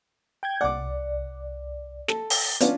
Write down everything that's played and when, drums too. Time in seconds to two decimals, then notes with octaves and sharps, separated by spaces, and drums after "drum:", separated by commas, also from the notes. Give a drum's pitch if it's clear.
0.43 G5 G6 G#6
0.61 C2 D5 F#5 D6
2.08 A4, drum: snare
2.30 drum: open hi-hat
2.61 B3 C#4 D4 F4, drum: hi-hat